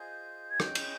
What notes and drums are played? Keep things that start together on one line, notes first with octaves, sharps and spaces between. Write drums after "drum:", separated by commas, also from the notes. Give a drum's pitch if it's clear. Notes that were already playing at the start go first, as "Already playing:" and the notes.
Already playing: F4 G#4 C5 D#5 G#5 G6
G#6
C#4 G#4 D#5 G5 G6, drum: rim click
drum: cymbal